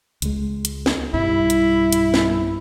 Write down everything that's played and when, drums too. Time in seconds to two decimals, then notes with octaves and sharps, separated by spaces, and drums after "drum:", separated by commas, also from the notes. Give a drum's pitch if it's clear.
0.22 C#2 G#3, drum: hi-hat
0.65 drum: hi-hat
0.86 drum: snare
1.14 B1 G2 G3 E4
1.50 drum: hi-hat
1.92 drum: hi-hat
2.14 drum: snare